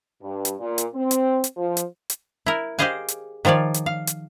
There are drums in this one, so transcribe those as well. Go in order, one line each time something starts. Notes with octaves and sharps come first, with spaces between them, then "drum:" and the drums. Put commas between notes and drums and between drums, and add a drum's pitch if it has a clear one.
G2
drum: hi-hat
A#2
drum: hi-hat
C4
drum: hi-hat
drum: hi-hat
F3
drum: hi-hat
drum: hi-hat
E4 A#4
G4 G#4 C5 D#5 F5 G#5
drum: hi-hat
D#3 F3 F4 C#5 D5
drum: hi-hat
F5
drum: hi-hat